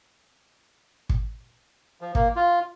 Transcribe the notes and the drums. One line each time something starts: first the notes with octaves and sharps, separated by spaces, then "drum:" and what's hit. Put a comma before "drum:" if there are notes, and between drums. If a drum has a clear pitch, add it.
drum: kick
F3
A#3, drum: kick
F4